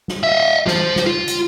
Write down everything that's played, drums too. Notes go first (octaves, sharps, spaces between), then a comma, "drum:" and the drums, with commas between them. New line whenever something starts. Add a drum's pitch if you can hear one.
drum: snare
D#5 E5
C5 A5, drum: snare
drum: snare
F4
drum: hi-hat